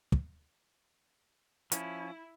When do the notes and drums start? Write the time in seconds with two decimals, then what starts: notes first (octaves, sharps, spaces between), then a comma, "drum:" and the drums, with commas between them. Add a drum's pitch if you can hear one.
0.12 drum: kick
1.72 F3 C#4 E4, drum: hi-hat